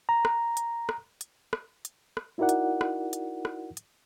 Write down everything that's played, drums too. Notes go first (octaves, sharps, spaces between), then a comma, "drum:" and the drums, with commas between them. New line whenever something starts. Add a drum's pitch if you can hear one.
A#5
drum: rim click
drum: hi-hat
drum: rim click
drum: hi-hat
drum: rim click
drum: hi-hat
drum: rim click
D#4 E4 F#4 A#4 D5 F#5
drum: hi-hat
drum: rim click
drum: hi-hat
drum: rim click
drum: hi-hat